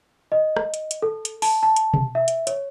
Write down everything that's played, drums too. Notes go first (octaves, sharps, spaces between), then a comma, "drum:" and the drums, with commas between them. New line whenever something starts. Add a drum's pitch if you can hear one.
D#5
drum: rim click
drum: hi-hat
drum: hi-hat
A4
drum: hi-hat
A5, drum: open hi-hat
A5
drum: hi-hat
drum: tom B2
E5
drum: hi-hat
C#5, drum: hi-hat